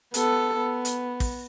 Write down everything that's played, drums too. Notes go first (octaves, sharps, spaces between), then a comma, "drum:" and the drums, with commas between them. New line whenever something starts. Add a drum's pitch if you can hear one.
B3 A4, drum: hi-hat
B3
drum: hi-hat
drum: kick, open hi-hat